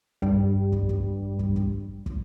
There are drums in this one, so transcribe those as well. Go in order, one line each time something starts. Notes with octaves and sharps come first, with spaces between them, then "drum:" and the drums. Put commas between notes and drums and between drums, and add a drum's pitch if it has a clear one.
G2 G3, drum: kick
drum: kick
drum: kick
drum: kick
drum: kick
drum: kick